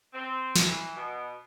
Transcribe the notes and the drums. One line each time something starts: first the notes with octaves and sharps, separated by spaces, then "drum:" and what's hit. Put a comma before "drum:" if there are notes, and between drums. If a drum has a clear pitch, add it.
C4
E3, drum: snare
B2